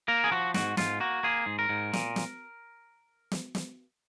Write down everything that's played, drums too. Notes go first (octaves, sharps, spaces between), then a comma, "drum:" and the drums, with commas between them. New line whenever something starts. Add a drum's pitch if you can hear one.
A#3 A#4
G#4
F3 F#4
G#2 F#4, drum: snare
G#2 F4, drum: snare
A#3 F#4
A#3 G#4
G#2
A#4
G#2
A#2, drum: snare
drum: snare
drum: snare
drum: snare